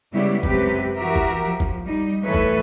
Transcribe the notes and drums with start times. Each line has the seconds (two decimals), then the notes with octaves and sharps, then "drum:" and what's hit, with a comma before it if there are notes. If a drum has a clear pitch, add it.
0.13 C#3 G3 G#3 B3 E4 G4
0.43 F#2 C3 G#3 G4 B4, drum: kick
0.96 E3 F#4 G4 A#4 E5
1.16 drum: kick
1.45 F3
1.60 drum: kick
1.86 G3 D#4
2.24 A2 E3 A4 B4 C#5
2.34 drum: kick